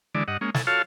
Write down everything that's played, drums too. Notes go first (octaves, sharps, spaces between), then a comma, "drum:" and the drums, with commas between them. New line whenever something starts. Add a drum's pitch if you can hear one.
D3 E3 G#3 D5
G2 D#5 F#5
G#3 A#3 C#4
A4 G#5, drum: snare
F4 F#4 A4 C#5 F5 A5